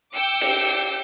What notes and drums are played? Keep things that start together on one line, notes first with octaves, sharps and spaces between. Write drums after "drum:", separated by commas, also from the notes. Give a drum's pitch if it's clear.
G5 D6 E6 G6 C#7
drum: cymbal